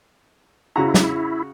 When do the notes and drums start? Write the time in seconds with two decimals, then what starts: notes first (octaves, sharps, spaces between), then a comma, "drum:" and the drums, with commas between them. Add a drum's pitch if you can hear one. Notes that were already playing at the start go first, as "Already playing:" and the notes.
0.76 C#3 E4 F#4 A#5
0.94 drum: snare